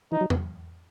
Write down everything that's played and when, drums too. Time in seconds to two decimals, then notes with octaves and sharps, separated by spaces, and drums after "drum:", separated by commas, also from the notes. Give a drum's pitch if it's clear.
0.12 E3 D#4
0.21 F#3
0.30 B3, drum: tom E2